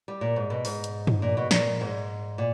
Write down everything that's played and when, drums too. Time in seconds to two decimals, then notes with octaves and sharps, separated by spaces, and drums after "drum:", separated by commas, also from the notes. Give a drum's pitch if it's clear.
0.08 G3
0.21 A#2
0.36 G#2
0.50 B2
0.65 G#2, drum: open hi-hat
0.84 drum: hi-hat
1.07 drum: tom G2
1.22 A#2
1.37 B2
1.51 A#2, drum: snare
1.81 G#2
2.38 A#2